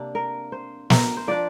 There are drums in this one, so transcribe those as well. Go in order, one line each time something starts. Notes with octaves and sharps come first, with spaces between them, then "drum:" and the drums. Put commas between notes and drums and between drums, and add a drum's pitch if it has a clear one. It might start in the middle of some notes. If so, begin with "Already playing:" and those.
Already playing: C3 A#3 D4
A#4
C5
A#4, drum: snare
C5
F3 D4 D5